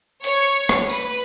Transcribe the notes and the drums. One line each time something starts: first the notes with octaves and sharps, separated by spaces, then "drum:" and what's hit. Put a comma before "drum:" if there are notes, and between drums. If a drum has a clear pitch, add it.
C#5, drum: hi-hat
drum: rim click
B4, drum: tambourine